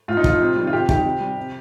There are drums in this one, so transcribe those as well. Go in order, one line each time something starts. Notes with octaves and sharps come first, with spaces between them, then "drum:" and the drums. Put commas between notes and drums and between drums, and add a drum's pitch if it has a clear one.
A2 F4
D#4
F3 F4, drum: kick
C3
D#3 G3
F4
C3 G4
D#3 G3 G4, drum: kick
C3
G3
C3